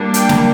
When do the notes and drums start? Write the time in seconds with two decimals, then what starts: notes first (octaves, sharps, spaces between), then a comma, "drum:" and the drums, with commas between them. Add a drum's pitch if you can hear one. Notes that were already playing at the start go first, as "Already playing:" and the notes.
Already playing: G3 A#3 D4
0.14 G5, drum: hi-hat
0.29 drum: snare